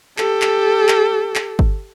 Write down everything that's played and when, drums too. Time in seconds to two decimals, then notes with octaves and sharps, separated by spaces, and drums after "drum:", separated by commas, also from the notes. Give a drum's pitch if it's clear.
0.18 G4 A4, drum: clap
0.42 drum: clap
0.89 drum: clap
1.35 drum: clap
1.59 drum: kick G1